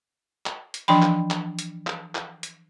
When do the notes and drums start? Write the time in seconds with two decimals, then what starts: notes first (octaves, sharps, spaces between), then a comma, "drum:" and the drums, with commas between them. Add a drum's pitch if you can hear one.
0.46 drum: clap
0.74 drum: hi-hat
0.88 E3 F3 D4 G5 B5
1.02 drum: clap
1.30 drum: clap
1.59 drum: hi-hat
1.87 drum: clap
2.15 drum: clap
2.43 drum: hi-hat